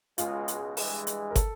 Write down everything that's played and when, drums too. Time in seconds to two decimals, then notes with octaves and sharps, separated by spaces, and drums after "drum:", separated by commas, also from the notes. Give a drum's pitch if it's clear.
0.18 C#2 B2 G#3 F4, drum: hi-hat
0.48 drum: hi-hat
0.77 G2 E3 G#3, drum: open hi-hat
1.07 drum: hi-hat
1.31 A#4
1.36 A4, drum: kick, hi-hat